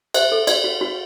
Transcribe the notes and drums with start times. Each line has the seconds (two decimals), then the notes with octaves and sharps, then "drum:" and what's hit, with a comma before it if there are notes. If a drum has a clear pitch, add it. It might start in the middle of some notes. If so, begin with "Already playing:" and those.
0.14 C5 E5, drum: cymbal
0.32 A4
0.47 F#4 D5, drum: cymbal
0.64 F#4
0.81 F#4